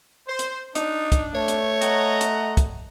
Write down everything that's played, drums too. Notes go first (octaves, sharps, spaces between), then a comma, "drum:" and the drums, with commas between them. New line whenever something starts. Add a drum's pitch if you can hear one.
C5
drum: hi-hat
D4 D#4, drum: hi-hat
drum: kick, hi-hat
A3 C#5
drum: hi-hat
D#5 F#5 A#5, drum: hi-hat
drum: hi-hat
drum: kick, hi-hat